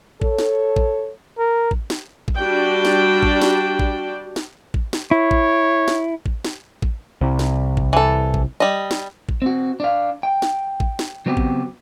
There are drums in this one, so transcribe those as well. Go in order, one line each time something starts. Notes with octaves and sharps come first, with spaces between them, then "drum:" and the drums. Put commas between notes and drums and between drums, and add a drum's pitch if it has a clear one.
A4 C#5, drum: kick A1
drum: snare
drum: kick A1
A#4
drum: kick A1
drum: snare
drum: kick A1
G3 D4 F#4 D5 G5
drum: snare
drum: kick A1
drum: snare
drum: kick A1
drum: snare
drum: kick A1
drum: snare
E4 C#5
drum: kick A1
drum: snare
drum: kick A1
drum: snare
drum: kick A1
C2
drum: snare
drum: kick A1
E3 A4
drum: kick A1
G3 D#5
drum: snare
drum: kick A1
C4 F#4
D4 F5
G5
drum: snare
drum: kick A1
drum: snare
C#3 F#3 B3 C4 F#4 G4
drum: kick A1